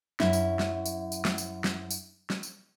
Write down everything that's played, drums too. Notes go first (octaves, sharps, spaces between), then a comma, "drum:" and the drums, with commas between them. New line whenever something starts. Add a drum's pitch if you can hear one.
F#2 E4, drum: snare
drum: tambourine
drum: snare
drum: tambourine
drum: tambourine
drum: snare
drum: tambourine
drum: snare
drum: tambourine
drum: snare
drum: tambourine